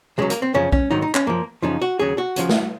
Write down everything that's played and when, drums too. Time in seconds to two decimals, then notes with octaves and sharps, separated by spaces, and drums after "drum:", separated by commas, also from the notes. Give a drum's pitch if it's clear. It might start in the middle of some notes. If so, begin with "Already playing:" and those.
0.18 C#2 C#3 F#3 G#3
0.30 A#3, drum: hi-hat
0.42 C4
0.54 F#2 C#3 F3 C#4
0.72 C#4, drum: kick
0.91 G#2 D#3 F#3 D#4
1.02 D#4
1.15 C#4, drum: clap
1.27 F#2 F3 A#3
1.62 F#2 C#3 F3 D#4
1.82 F#4
1.99 D#2 C#3 F#3 G#4
2.18 F#4
2.36 C#2 C#3 F3, drum: hi-hat
2.49 drum: snare